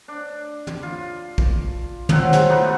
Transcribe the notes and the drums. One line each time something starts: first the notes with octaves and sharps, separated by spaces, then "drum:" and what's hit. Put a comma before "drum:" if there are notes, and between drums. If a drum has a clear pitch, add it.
D4
drum: tom
F4
drum: kick A#1
F3 F#3 C4 F#5, drum: tom
drum: snare
A3 B3 D#4 F#4